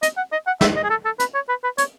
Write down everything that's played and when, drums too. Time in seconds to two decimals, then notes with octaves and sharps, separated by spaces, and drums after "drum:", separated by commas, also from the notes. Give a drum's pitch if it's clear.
0.03 D#5, drum: hi-hat
0.17 F#5
0.32 D#5
0.47 F#5
0.61 E5, drum: snare
0.76 D#5
0.84 G#4
0.90 A4
1.05 A4
1.19 B4, drum: hi-hat
1.35 C#5
1.49 B4
1.64 B4
1.78 C#5, drum: hi-hat